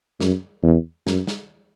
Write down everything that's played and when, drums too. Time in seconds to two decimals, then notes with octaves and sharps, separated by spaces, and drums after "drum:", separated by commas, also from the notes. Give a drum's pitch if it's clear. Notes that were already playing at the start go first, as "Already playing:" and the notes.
0.20 F#2, drum: snare
0.63 E2
1.07 F#2, drum: snare
1.27 drum: snare